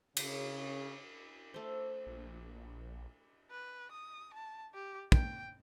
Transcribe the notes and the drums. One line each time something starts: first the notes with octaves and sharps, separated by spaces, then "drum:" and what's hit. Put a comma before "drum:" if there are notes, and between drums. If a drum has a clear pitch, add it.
C#3, drum: cymbal
A3 C5
A#1
B4
D#6
A5
G4
G5, drum: kick